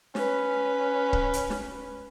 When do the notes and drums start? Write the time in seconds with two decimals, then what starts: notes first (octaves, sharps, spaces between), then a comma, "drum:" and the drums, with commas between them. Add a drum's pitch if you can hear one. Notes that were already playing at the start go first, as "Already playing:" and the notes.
0.15 C#4 B4, drum: snare
1.13 drum: kick C#1
1.33 drum: hi-hat
1.50 drum: snare